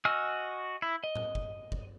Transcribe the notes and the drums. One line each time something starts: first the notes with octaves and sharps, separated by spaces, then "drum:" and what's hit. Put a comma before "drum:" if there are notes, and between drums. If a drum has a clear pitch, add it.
F#4 D#5 G#5 E6 F6
E4
D#5
drum: tom A2
drum: kick
drum: kick